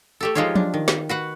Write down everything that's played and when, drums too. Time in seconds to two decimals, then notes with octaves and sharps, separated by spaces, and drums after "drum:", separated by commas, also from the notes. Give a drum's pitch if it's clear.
0.21 A3 G4 A4
0.35 F3 G#3 D#4 F4 G4 C#5
0.55 D4, drum: tom F3
0.74 D#3
0.88 drum: snare
1.09 F#4 B4 F#5